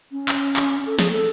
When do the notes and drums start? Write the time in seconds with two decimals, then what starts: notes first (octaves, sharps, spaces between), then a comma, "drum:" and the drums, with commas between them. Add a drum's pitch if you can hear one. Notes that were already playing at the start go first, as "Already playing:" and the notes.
0.12 C#4
0.29 drum: clap
0.56 drum: clap
0.87 A4
0.99 G#4, drum: snare
1.11 A4